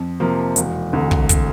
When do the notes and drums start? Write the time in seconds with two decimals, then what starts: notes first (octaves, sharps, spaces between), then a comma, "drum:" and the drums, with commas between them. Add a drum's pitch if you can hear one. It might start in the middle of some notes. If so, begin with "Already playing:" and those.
Already playing: F2
0.20 C3 F3 A#3
0.56 E1, drum: hi-hat
0.93 D2 C3
1.11 drum: kick
1.29 drum: kick, hi-hat